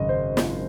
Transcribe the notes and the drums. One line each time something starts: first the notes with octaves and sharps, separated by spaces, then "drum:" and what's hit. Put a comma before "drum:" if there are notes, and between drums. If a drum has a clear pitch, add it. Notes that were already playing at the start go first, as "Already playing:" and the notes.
Already playing: G#1 F#2 C#3 D#5
C5
drum: snare